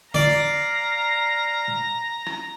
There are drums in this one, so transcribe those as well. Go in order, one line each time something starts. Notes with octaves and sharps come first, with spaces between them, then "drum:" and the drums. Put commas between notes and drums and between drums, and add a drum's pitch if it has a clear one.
D5 F5 A#5, drum: tom D3
drum: rim click